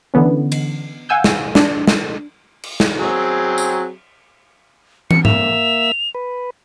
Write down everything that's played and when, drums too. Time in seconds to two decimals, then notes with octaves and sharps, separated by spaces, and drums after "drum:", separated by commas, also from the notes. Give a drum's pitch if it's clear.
0.14 D3 E3 B3 C#4
0.52 drum: cymbal
1.09 F5 F#5 G#5 E6 G6
1.24 drum: snare
1.55 D4, drum: snare
1.87 drum: snare
2.63 drum: cymbal
2.80 drum: snare
2.97 F#3 C4 G#4
3.58 drum: tambourine
5.11 C#7, drum: tom
5.25 A#3 E5 E6 F7, drum: tom G#2
6.15 B4